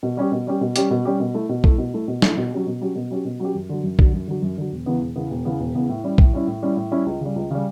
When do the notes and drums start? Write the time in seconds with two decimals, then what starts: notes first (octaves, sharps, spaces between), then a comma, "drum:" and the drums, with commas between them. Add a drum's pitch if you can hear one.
0.03 B2
0.17 G3 C#4 G4
0.32 B2
0.47 G3 C#4 G4
0.61 B2
0.76 G3 C#4 G4, drum: hi-hat
0.91 B2
1.05 G3 C#4 G4
1.20 B2
1.34 A3 E4
1.49 B2
1.64 A3 E4, drum: kick
1.78 B2
1.93 A3 E4
2.08 B2
2.22 A3 E4, drum: snare
2.37 B2
2.52 F#3 C#4 G4
2.66 B2
2.81 F#3 C#4 G4
2.96 B2
3.10 F#3 C#4 G4
3.25 B2
3.40 F#3 C#4 G4
3.55 F#2
3.69 D3 F#3
3.83 F#2
3.99 D3 F#3, drum: kick
4.13 F#2
4.27 D3 F#3
4.42 F#2
4.57 D3 F#3
4.72 E1
4.86 E2 C#3 E3 B3
5.01 E1
5.16 E2 C#3 E3 B3
5.30 E1
5.45 E2 C#3 E3 B3
5.60 E1
5.74 E2 C#3 E3 B3
5.89 A2
6.04 G3 C#4 E4
6.18 A2, drum: kick
6.33 G3 C#4 E4
6.47 A2
6.63 G3 C#4 E4
6.77 A2
6.92 G3 C#4 E4
7.06 C#2
7.21 C#3 G3
7.36 C#2
7.51 C#3 G3